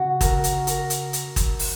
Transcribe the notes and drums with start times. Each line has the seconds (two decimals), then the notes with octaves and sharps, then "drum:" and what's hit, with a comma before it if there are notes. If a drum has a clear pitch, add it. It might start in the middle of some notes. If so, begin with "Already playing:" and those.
Already playing: C#3 F#4
0.21 A#4, drum: kick, hi-hat
0.44 drum: hi-hat
0.67 A#4, drum: hi-hat
0.90 drum: hi-hat
1.13 drum: hi-hat
1.36 drum: kick, hi-hat
1.59 drum: open hi-hat